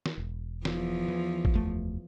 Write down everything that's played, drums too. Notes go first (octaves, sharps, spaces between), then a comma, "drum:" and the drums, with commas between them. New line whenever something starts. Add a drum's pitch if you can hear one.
drum: snare
E1
E2 F3, drum: snare
E3
drum: kick G#1
F1 D#2 A3